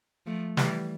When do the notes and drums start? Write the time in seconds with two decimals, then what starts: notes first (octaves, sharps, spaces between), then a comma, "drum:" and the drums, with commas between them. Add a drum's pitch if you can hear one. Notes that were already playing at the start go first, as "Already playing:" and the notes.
0.26 F3 A3
0.57 E3 G3, drum: snare